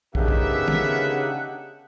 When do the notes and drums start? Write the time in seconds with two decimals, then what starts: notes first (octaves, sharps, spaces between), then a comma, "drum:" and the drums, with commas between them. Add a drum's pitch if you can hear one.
0.15 C#3 B3 D4 D#4 G4 A#4 E5 F#5, drum: kick
0.28 drum: kick
0.68 drum: tom